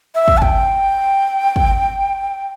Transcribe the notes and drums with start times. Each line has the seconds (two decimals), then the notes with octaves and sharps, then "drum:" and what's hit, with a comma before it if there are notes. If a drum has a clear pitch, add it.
0.15 E5
0.28 drum: kick
0.38 A5
0.42 G5, drum: kick
1.56 drum: kick